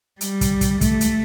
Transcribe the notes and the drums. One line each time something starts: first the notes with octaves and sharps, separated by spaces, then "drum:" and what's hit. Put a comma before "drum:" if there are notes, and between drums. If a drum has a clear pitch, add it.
G3, drum: hi-hat
drum: kick, hi-hat
drum: kick, hi-hat
A3, drum: kick, hi-hat
drum: hi-hat